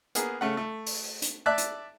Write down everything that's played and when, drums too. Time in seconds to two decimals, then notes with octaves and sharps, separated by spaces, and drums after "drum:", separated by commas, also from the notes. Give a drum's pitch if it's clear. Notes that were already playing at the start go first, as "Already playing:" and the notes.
0.15 A#3 B3 G#4 A#4, drum: hi-hat
0.41 C#3 A3 F#5
0.57 A3
0.87 drum: open hi-hat
1.22 drum: hi-hat
1.46 D5 E5 A5 D6 F#6
1.58 drum: hi-hat